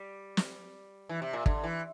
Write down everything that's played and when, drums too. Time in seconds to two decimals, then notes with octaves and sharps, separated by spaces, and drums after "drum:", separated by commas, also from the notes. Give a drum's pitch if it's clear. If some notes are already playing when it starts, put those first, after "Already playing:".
Already playing: G3
0.37 drum: snare
1.09 E3
1.22 C3
1.33 A#2
1.46 D3, drum: kick
1.64 E3